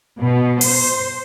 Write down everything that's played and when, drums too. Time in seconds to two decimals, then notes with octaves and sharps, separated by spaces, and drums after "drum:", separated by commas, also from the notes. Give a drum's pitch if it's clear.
0.19 B2
0.61 C5, drum: open hi-hat